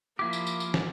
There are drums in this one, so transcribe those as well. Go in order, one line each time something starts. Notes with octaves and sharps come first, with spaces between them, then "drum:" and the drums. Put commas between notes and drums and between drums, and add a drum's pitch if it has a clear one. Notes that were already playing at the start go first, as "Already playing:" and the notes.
F3 A#3 E4 G4 D6
drum: tambourine
drum: tambourine
drum: tambourine
drum: snare